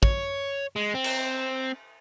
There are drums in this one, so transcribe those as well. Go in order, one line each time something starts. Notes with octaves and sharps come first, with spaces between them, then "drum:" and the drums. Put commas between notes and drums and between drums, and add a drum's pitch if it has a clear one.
C#5, drum: kick
G#3
C4
drum: cymbal